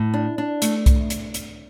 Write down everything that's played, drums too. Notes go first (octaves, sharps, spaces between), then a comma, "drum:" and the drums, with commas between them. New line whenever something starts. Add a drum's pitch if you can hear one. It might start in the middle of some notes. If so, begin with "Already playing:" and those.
Already playing: A2
D4
D4
A3, drum: hi-hat
drum: kick C2, hi-hat
drum: hi-hat
drum: hi-hat